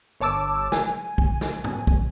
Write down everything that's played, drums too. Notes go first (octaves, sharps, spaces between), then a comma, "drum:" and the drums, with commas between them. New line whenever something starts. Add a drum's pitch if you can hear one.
G1 C#5 A5 D6 E6
G#5, drum: snare
drum: kick
drum: snare
drum: tom G#2
drum: kick